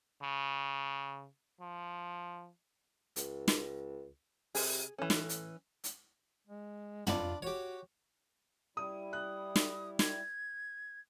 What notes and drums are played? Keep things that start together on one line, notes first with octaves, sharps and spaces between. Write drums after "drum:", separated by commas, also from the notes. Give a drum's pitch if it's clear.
C#3
F3
C#2, drum: hi-hat
drum: snare
C3 G#4, drum: open hi-hat
A2 E3 C#4
drum: snare
drum: hi-hat
drum: hi-hat
G#3
D4 F4 B5, drum: tom
F#4 G4 C#5
G3 E4 D#6
D#6 F#6
drum: snare
G#6, drum: snare